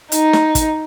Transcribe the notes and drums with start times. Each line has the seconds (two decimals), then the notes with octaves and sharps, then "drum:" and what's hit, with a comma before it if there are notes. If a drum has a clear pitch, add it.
0.12 D#4, drum: hi-hat
0.33 drum: snare
0.55 drum: kick, hi-hat